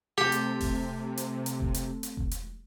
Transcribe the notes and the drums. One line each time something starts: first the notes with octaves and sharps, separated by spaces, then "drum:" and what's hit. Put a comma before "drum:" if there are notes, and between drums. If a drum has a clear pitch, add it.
C3 A3 C4 G4 A4
drum: hi-hat
drum: kick E1, open hi-hat
drum: hi-hat
drum: hi-hat
drum: kick E1
drum: hi-hat
drum: hi-hat
drum: kick E1
drum: hi-hat